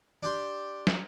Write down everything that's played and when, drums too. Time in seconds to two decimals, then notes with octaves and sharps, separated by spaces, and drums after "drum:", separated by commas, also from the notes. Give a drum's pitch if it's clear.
0.23 D4 G4 C6
0.87 drum: snare